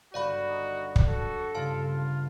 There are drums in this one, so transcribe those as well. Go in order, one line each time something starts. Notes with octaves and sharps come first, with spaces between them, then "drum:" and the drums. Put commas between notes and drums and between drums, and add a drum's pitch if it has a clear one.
G1 F#4 D5 F5 B5
D#4
drum: kick
F#4 A4
G2 C#3 F4 F5 A5
A3 B3 F4